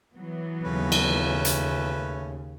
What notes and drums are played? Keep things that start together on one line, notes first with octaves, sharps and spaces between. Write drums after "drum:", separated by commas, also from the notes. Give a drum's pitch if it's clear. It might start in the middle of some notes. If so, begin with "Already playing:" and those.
E3 F#3 B3
D#2 C#3 A3 C#4 B4
drum: cymbal
drum: hi-hat